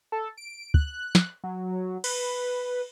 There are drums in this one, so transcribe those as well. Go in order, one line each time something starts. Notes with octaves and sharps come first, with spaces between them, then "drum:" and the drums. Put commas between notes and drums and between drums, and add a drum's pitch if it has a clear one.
A4
D7
F#6, drum: kick
drum: snare
F#3
B4, drum: cymbal